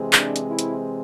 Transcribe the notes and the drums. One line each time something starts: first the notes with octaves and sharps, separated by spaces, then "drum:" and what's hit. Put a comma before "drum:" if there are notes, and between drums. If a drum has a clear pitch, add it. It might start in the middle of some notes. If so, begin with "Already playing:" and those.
Already playing: C3 E3 G#3 C4
D4, drum: clap
drum: hi-hat
E4
drum: hi-hat